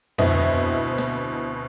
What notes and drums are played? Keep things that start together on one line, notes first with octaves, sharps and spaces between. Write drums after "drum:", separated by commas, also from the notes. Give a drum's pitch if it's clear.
D2 B2 C4 E4 D#5, drum: tom F2
drum: snare